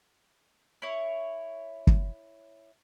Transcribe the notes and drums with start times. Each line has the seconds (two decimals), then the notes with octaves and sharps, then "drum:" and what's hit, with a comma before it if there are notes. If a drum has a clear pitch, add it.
0.82 E4 C#5
1.87 drum: kick